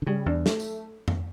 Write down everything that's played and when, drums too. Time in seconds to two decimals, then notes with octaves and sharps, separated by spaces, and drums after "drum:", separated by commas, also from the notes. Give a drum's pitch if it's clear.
0.02 D3
0.07 C#3 G3
0.26 E2 D4
0.46 A3, drum: snare
0.60 drum: tambourine
1.08 drum: tom F2